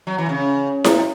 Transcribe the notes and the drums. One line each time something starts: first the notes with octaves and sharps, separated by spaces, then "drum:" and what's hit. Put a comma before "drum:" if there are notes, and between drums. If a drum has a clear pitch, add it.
F#3
E3
C#3
B2, drum: snare E4